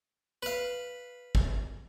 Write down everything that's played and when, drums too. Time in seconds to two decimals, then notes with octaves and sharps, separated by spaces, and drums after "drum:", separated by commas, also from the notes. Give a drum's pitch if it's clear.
0.43 B4 F5
1.35 drum: kick